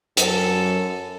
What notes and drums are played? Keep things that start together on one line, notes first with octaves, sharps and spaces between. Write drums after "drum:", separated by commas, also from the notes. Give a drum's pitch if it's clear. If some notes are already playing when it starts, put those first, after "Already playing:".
F#2 A4, drum: hi-hat